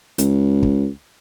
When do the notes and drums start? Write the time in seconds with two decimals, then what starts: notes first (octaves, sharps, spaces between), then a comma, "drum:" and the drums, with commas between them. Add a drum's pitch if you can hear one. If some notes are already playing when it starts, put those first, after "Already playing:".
0.18 C#2, drum: hi-hat
0.63 drum: kick